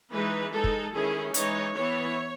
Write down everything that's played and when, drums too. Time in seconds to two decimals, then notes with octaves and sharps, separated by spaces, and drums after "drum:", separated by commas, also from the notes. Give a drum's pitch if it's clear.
0.11 E3 G#3 D#4 B4
0.52 G#3 D#4 A4
0.64 drum: kick
0.93 D#3 G#3 C#4 E4 G#4
1.34 E3 G#3 D#4 C#5, drum: hi-hat
1.75 E3 B3 E4 C#5